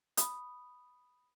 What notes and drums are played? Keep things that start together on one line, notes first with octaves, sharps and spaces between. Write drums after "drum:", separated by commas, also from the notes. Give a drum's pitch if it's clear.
B5 D#6, drum: hi-hat